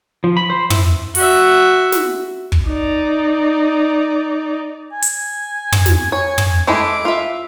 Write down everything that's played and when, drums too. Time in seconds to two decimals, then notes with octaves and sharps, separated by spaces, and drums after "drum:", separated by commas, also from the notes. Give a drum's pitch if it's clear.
0.24 F3
0.37 B5
0.50 C5
0.70 E4, drum: tom
1.15 F#4 E5, drum: open hi-hat
1.92 drum: snare
2.52 drum: kick
2.67 D#4 D5
4.92 G#5
5.02 drum: hi-hat
5.72 drum: tom
5.86 drum: snare
6.12 C#5
6.38 drum: tom
6.67 G#3 A3 E4 D6
7.05 F4 E5